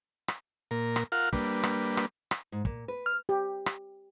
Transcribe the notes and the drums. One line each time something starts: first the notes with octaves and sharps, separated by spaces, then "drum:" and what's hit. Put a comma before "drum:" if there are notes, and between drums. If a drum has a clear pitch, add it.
drum: rim click
A#2 A#4
drum: rim click
F4 A#4 F5 F#5
G3 A#3 D4 B4, drum: kick
drum: rim click
drum: rim click
drum: rim click
G#2
A#2, drum: kick
B4
F6
G4
drum: rim click